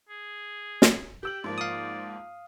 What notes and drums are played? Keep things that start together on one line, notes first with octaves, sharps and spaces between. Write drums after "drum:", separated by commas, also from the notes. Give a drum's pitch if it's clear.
G#4
drum: snare
G4 G5 E6 F#7
G#2 F3 A#3 D5
F5 D#6